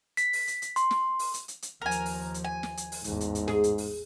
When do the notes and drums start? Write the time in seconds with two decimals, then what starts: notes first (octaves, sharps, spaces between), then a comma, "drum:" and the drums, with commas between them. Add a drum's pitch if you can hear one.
0.17 B6, drum: hi-hat
0.33 drum: open hi-hat
0.47 drum: hi-hat
0.62 drum: hi-hat
0.76 C6, drum: hi-hat
0.91 drum: snare
1.19 drum: open hi-hat
1.34 drum: hi-hat
1.48 drum: hi-hat
1.62 drum: hi-hat
1.82 D#2 F3 A#4 G#5
1.91 drum: hi-hat
2.06 drum: open hi-hat
2.34 drum: hi-hat
2.44 G#5
2.63 drum: snare
2.77 drum: hi-hat
2.92 drum: open hi-hat
3.04 A1 E2 G#2, drum: hi-hat
3.21 drum: hi-hat
3.35 drum: hi-hat
3.48 G#4, drum: snare
3.64 drum: hi-hat
3.78 drum: open hi-hat